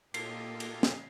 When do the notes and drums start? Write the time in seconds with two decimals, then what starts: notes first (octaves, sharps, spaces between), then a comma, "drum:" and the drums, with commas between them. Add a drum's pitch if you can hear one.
0.14 A#2 A#3 F4 G4 A4 D#5 C7, drum: cymbal
0.60 drum: cymbal
0.83 drum: snare